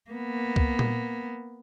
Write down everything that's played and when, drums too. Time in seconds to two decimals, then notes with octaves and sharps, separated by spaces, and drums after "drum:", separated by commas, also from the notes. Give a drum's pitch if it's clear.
0.11 A#3 B3
0.56 drum: kick
0.79 drum: tom A#2